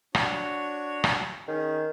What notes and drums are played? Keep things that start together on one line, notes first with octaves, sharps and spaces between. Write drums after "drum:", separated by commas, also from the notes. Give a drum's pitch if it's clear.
D4 F#4 C#5, drum: rim click
drum: rim click
D#3 C#4 G#4